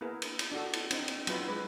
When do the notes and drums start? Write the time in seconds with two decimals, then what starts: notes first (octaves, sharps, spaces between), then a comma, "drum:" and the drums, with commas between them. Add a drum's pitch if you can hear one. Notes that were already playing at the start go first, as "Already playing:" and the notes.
0.01 A#3 B3 E4 G#4 A#4
0.22 drum: cymbal
0.39 drum: cymbal
0.52 D4 F#4 A4
0.73 drum: cymbal
0.91 C4 D#4, drum: cymbal
1.08 drum: cymbal
1.27 F#3 B3 E4 F4, drum: cymbal
1.48 G#3 B4